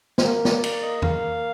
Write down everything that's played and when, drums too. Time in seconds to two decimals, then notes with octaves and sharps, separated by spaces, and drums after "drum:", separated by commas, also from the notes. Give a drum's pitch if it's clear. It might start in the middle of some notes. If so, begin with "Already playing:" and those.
0.18 C4, drum: snare
0.25 A#3 A#4
0.45 D5, drum: snare
0.64 D5, drum: cymbal
0.83 D#5
1.02 F5, drum: tom E2